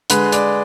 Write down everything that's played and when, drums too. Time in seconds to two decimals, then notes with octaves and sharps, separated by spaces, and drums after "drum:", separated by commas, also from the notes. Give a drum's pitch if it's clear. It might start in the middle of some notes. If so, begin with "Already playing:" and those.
0.10 D3 G#3 B4, drum: hi-hat
0.32 D5, drum: hi-hat